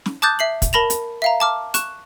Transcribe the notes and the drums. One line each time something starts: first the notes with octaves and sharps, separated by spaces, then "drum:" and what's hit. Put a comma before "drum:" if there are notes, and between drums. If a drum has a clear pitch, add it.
drum: snare
A5 D6 D#6 F#6 G6 A6
E5 C7 F#7
drum: kick, hi-hat
A#4 A5 B5 A#6 E7 F7
drum: hi-hat
E5 F5 A#5
A5 D6 F6
C#6 F#6 E7, drum: hi-hat